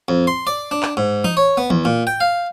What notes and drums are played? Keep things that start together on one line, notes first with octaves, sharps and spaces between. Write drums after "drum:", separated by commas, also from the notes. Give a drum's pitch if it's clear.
F2
C6
D5
D4
drum: clap
G#2
D#4, drum: tom E3
C#5
B3
E2, drum: tom E3
A#2
G5
F5